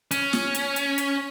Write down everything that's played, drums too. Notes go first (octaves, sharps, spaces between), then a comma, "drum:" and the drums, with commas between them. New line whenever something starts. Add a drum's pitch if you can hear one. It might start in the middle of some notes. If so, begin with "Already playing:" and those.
C#4, drum: hi-hat
drum: snare
drum: hi-hat
drum: hi-hat
drum: hi-hat